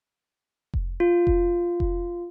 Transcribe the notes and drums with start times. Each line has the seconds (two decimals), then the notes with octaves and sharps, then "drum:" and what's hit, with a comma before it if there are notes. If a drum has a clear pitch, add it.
0.74 drum: kick F1
1.00 F4
1.27 drum: kick F1
1.80 drum: kick F1